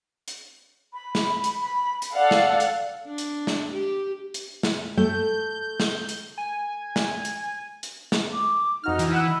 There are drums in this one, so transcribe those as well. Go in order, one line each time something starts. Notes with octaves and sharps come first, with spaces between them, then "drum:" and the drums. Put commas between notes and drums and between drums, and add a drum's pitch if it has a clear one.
drum: hi-hat
B5
drum: snare
drum: hi-hat
B5
drum: hi-hat
A4 D5 F5 F#5
drum: snare
drum: hi-hat
D4
drum: hi-hat
drum: snare
G4
drum: hi-hat
drum: snare
A3 G6
drum: snare
drum: hi-hat
G#5
drum: snare
drum: hi-hat
drum: hi-hat
drum: snare
D6
F2 D#4 F#4 F6
E3, drum: hi-hat
F#5 B5 E6 F#6